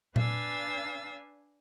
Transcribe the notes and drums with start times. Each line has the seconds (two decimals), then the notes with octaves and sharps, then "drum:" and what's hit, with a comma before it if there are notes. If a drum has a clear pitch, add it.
0.16 D4 B4 F5 G#5 E6 A6, drum: tom A#2